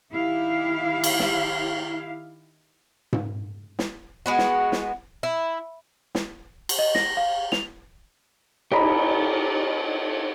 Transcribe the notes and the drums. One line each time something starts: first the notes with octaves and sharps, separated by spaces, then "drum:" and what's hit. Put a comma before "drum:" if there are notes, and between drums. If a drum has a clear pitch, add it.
D#3 E4 G4 F5
drum: cymbal
drum: snare
drum: tom G#2
drum: snare
G#3 B3 F#4
drum: snare
drum: snare
E4
drum: snare
drum: cymbal
D#5
A#6, drum: snare
F5
F7, drum: snare
G4 D#5 A#5 B5, drum: cymbal